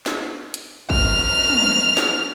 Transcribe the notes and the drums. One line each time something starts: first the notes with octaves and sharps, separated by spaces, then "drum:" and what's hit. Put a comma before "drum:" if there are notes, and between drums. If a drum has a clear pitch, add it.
drum: snare
drum: hi-hat
F6, drum: kick
drum: tom
drum: snare